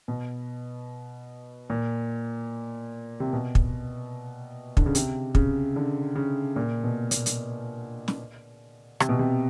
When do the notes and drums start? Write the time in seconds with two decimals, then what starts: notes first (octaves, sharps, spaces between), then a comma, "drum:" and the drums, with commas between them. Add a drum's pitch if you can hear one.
0.08 B2
1.70 A#2
3.20 C3
3.33 B2
3.55 drum: kick
4.77 D3, drum: kick
4.86 C#3
4.95 C3, drum: hi-hat
5.35 C#3, drum: kick
5.76 D3
6.16 C#3
6.56 A#2
6.84 B2
7.11 A#2, drum: hi-hat
7.26 drum: hi-hat
8.08 drum: snare
9.00 C3, drum: rim click
9.09 B2
9.19 C3